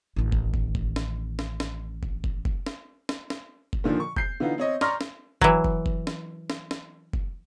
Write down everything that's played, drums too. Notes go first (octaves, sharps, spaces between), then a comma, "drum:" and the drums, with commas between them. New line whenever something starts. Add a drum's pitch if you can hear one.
A1 D#3
drum: kick
drum: kick
drum: kick
drum: snare
drum: snare
drum: snare
drum: kick
drum: kick
drum: kick
drum: snare
drum: snare
drum: snare
drum: kick
A#2 D3 D#3 F3
C#6
G6 C7, drum: kick
D3 E3 B3 D#4 F4
C4 C#5 D#5
D5 A#5 C6 C#6 F6 A#6, drum: snare
drum: snare
E3 F#3, drum: kick
drum: kick
drum: kick
drum: snare
drum: snare
drum: snare
drum: kick